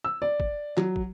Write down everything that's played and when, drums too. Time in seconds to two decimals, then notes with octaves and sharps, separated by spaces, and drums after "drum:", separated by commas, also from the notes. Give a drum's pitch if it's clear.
0.04 E6
0.22 D5
0.40 drum: kick
0.77 F#3, drum: clap
0.96 drum: kick